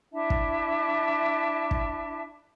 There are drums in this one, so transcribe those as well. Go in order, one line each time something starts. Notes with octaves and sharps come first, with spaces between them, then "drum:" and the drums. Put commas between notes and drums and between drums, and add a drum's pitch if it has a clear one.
D4 E4 E5 A5
drum: kick
drum: kick